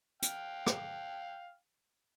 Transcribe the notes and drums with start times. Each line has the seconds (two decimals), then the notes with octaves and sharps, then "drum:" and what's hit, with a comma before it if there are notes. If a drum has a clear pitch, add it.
0.22 F5 G5, drum: hi-hat
0.66 drum: rim click